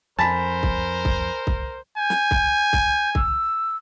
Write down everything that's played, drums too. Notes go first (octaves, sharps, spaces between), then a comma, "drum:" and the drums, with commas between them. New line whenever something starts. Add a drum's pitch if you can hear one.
F2 A#4 C5 G#5 A5 B5 B6
drum: kick C2
drum: kick C2
drum: kick C2
G#5 G6
drum: snare
drum: kick C2
drum: kick C2
E6, drum: kick C2